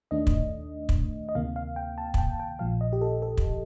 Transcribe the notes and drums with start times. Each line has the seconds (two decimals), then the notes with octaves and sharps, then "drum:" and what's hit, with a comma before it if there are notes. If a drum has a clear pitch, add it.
0.11 D#2 D#3 A3 D4 D#5
0.27 drum: kick
0.89 drum: kick
1.29 D#5
1.35 D2 C3 D#3 A#3 F5
1.56 F5
1.76 G5
1.98 A5
2.14 A5, drum: kick
2.18 G5
2.40 G5
2.59 A#1 A#2 F3 F5
2.81 D#5
2.93 G4
3.01 A4
3.22 A4
3.37 drum: kick